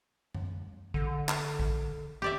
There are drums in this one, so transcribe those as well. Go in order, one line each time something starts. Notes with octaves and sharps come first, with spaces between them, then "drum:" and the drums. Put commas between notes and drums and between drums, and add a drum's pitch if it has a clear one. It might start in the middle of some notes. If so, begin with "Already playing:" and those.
drum: tom F#2
D3, drum: kick A1
drum: clap
drum: kick A1
G4 D5 E5